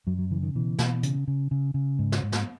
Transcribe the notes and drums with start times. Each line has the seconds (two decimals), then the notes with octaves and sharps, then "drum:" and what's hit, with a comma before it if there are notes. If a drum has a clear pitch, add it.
0.07 F#2 F#3
0.19 F#3
0.31 C#3 E3
0.43 D#3
0.55 B2 E3
0.78 B2, drum: snare
1.03 C#3, drum: hi-hat
1.28 C#3
1.51 C#3
1.74 C#3
1.99 G#2
2.12 drum: snare
2.23 G#2
2.32 drum: snare